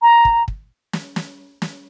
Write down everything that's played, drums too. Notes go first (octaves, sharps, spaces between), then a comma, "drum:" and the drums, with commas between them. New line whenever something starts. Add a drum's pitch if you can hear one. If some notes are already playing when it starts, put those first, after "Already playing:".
A#5
drum: kick
drum: kick
drum: snare
drum: snare
drum: snare